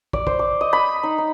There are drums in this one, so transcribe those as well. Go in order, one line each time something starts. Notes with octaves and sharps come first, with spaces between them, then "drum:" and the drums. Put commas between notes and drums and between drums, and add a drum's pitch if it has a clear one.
D5, drum: kick
C5, drum: kick
D6
D#5
B5
D#4
D#4